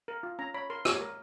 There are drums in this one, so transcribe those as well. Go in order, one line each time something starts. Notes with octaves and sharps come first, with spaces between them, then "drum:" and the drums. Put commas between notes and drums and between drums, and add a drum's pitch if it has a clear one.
A#4
F4
C#4 A#5
C#5 B5
A#4 C6
C#5 D6, drum: rim click
A#4